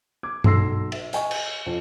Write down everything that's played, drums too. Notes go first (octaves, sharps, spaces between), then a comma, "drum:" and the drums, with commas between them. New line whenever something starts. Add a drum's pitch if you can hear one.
D6 G#6
B1 A4 C6 E6 A#6 C7, drum: tom G2
E5, drum: cymbal
D#5 G#5 C#6, drum: hi-hat
drum: cymbal
F2 F4